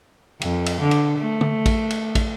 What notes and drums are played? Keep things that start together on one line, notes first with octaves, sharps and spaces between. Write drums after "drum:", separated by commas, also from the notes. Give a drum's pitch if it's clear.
F2, drum: cymbal
drum: cymbal
D3
drum: cymbal
A3
drum: tom
drum: kick, cymbal
drum: cymbal
drum: kick, cymbal